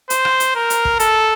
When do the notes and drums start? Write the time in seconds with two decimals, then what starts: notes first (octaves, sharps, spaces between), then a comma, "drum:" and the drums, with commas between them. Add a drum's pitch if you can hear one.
0.10 C5, drum: hi-hat
0.25 drum: rim click
0.40 drum: hi-hat
0.55 A#4
0.70 drum: hi-hat
0.85 drum: kick
1.00 A4, drum: hi-hat